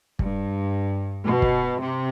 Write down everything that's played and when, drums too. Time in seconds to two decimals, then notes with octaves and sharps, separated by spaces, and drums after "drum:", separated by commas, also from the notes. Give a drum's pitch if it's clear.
0.19 G2, drum: kick
1.26 B2
1.42 drum: kick
1.79 C3